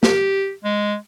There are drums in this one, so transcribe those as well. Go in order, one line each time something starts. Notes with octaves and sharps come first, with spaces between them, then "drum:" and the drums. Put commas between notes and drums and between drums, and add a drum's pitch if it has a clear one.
G4, drum: snare
G#3